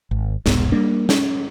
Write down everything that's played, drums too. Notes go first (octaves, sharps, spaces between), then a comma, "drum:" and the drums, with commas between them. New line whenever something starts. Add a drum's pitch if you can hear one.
G#1
E1 C2 G#2 B3, drum: snare
G3 A#3 D4
C#4, drum: snare